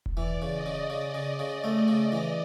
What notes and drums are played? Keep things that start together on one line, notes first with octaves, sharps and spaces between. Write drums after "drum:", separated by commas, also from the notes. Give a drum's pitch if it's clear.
drum: kick E1
E3 D5
C#3
D#5
C#3
C#3
C#3
C#3
A3
C#3
E3